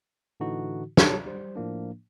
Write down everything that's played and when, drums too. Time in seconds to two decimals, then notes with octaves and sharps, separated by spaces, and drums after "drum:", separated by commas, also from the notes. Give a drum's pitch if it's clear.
0.40 A2 D3 E3 D#4 F#4
0.97 C3 F#3 A4 C#5 A5, drum: snare
1.26 G3 C5
1.55 A2 F3 A#3 D4